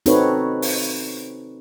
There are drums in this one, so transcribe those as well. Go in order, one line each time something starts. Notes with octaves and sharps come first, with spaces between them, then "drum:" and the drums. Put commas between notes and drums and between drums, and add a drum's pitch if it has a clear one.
C4 D#4 F#4 A4 B4 C#5, drum: hi-hat
drum: open hi-hat